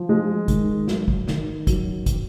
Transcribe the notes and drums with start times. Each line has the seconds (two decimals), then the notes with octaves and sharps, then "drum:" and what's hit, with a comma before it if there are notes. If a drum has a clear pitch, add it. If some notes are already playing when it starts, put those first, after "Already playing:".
Already playing: F3
0.09 G#3
0.48 D#3, drum: kick, hi-hat
0.88 F#3, drum: snare
1.08 drum: kick
1.28 D#3, drum: snare
1.67 F#3, drum: kick, hi-hat
2.06 drum: kick, hi-hat